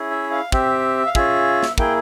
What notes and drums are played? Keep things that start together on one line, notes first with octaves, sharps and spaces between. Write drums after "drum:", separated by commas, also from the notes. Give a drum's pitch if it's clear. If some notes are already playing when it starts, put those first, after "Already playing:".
Already playing: C#4 E4 G#4
E5
F5
C4 G4 E5, drum: kick
F5
C#4 F4 G#4 E5, drum: kick
drum: snare
A#3 E4 G#4 G5, drum: kick